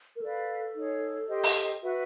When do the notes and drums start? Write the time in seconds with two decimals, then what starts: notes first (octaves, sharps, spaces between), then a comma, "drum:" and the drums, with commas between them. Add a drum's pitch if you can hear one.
0.16 A#4
0.21 A4 B4 D5 F5
0.75 D#4 G#4 C#5
1.29 G4 C5 D#5 G5
1.43 drum: open hi-hat
1.82 F#4 B4 E5